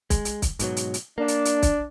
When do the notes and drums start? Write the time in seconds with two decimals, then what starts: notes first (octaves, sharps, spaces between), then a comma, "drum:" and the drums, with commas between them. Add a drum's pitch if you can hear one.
0.10 G#3, drum: kick, hi-hat
0.25 drum: hi-hat
0.42 drum: kick, hi-hat
0.59 G#2 B2 F#3, drum: hi-hat
0.77 drum: hi-hat
0.94 drum: hi-hat
1.18 A#3 D4
1.28 drum: hi-hat
1.45 drum: hi-hat
1.62 drum: kick, hi-hat